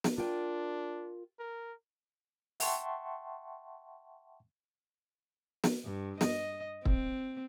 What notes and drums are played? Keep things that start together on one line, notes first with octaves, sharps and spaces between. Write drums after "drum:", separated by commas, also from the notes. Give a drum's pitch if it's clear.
drum: snare
D4 F4 A#4 G5
A#4
E5 F#5 G5 A5 C6 C#6, drum: open hi-hat
drum: snare
G2
D#5, drum: snare
C4, drum: kick